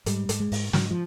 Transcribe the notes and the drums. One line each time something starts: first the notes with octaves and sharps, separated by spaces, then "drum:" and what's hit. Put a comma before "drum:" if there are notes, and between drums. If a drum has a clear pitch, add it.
G#2 G3, drum: hi-hat
G#2, drum: hi-hat
G#3
G#2, drum: open hi-hat
G#2 F#3, drum: snare
F3